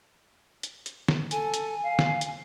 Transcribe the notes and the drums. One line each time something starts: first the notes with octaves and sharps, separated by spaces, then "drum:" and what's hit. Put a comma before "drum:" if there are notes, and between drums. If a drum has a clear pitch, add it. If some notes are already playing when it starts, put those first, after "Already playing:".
drum: hi-hat
drum: hi-hat
drum: snare
A4 G#5, drum: hi-hat
drum: hi-hat
F5
drum: snare
drum: hi-hat